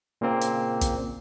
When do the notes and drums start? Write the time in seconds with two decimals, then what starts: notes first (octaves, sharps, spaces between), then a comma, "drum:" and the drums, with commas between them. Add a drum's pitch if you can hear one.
0.21 A#2 C#3 A#3 C4
0.41 drum: hi-hat
0.81 drum: kick, hi-hat